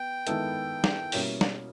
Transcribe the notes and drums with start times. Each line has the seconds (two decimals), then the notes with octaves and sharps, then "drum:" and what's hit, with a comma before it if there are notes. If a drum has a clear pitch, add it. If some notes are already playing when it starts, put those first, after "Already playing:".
Already playing: B3 G5
0.27 D#3 G#3 B3 E4 A4, drum: hi-hat
0.84 drum: snare
1.12 B2 G3 A#3 C#4 E4, drum: open hi-hat
1.41 drum: snare